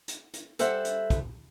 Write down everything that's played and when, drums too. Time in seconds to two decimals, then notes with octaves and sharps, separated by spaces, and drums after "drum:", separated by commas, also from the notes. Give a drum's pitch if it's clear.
0.08 drum: hi-hat
0.34 drum: hi-hat
0.59 G3 A4 C5 E5 F#5, drum: hi-hat
0.85 drum: hi-hat
1.10 drum: kick, hi-hat